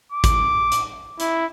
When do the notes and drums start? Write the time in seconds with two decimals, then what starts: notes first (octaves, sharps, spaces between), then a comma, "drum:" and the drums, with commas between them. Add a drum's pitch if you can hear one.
0.12 D6
0.24 drum: kick, hi-hat
0.72 drum: hi-hat
1.20 E4, drum: hi-hat